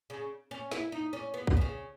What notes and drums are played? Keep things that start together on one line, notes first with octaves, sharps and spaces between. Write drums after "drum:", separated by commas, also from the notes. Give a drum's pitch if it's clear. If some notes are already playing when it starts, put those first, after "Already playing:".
C#3
C#4
E4, drum: snare
D#4
C#4
B3
drum: kick
B2
C#3